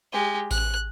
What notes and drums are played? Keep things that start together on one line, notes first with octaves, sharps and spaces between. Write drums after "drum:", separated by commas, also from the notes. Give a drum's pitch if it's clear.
G#3 G4
F#6, drum: kick A1, tambourine